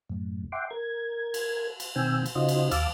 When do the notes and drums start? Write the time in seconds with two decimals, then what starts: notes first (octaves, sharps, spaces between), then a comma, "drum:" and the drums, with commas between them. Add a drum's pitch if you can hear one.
0.10 F#2 A2
0.52 E5 F#5 G5 C6 D6
0.71 A#4 G#6
1.34 drum: cymbal
1.80 drum: cymbal
1.96 B2 D#3 C4 G5 G#5 E6
2.26 drum: cymbal
2.35 C#3 D#4 F4 F#4 C5 D#5
2.49 drum: cymbal
2.71 D#2 F5 A5 D6 E6, drum: cymbal